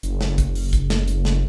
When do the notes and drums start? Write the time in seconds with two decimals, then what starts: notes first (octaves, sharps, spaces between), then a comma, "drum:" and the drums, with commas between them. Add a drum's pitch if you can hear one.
0.03 F#1, drum: hi-hat
0.21 drum: snare
0.38 drum: kick, hi-hat
0.55 drum: open hi-hat
0.73 drum: kick, hi-hat
0.90 drum: snare
1.08 drum: hi-hat
1.25 drum: snare